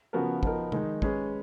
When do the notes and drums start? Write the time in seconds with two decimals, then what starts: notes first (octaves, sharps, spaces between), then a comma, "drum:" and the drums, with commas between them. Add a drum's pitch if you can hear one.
0.13 C#3 F3 B3 F#4 A#4
0.43 F3 B3 D#4 A#4, drum: kick
0.72 D#3 G#3 D#4, drum: tom C3
1.02 G#3 C#4 G#4 B4, drum: kick